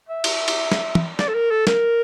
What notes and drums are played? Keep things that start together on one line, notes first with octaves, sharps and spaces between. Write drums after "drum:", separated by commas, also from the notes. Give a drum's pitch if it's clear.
E5
drum: cymbal
drum: cymbal
drum: snare
drum: tom
D5, drum: snare
A4
A#4
A4
A#4, drum: snare